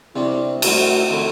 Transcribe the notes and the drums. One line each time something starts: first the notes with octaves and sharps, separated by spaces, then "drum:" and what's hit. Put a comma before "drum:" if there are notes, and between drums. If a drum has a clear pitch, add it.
C2 C3 G3 D4 E4
F#2 D3 A3 C4 E4 F#4, drum: cymbal
D3 A3 C4 E4